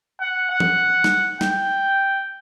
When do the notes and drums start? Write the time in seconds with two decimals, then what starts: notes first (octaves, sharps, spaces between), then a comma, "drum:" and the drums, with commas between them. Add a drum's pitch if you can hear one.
0.21 F#5
0.51 F#5
0.60 drum: tom E3
1.04 drum: snare
1.41 G5, drum: snare